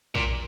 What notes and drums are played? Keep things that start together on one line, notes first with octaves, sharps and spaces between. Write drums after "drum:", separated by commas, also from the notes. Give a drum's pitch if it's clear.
A#2, drum: kick